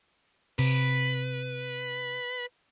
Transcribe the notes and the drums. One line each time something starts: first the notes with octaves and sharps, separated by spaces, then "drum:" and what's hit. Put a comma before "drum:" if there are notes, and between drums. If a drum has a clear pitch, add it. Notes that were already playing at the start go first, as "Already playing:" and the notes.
C3 B4, drum: tambourine